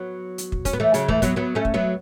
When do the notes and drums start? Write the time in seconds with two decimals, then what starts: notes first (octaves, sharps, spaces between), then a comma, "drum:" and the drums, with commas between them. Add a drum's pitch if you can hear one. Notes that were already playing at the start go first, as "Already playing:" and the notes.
Already playing: F#3 B3
0.38 drum: hi-hat
0.52 drum: kick
0.65 C#4, drum: kick, hi-hat
0.73 B3
0.80 E3 A3
0.94 C#3 F#3, drum: hi-hat
1.08 E3 A3, drum: kick
1.22 F#3 B3, drum: kick, hi-hat
1.36 F#3 B3
1.55 A3 C#4
1.65 drum: kick
1.74 F#3 B3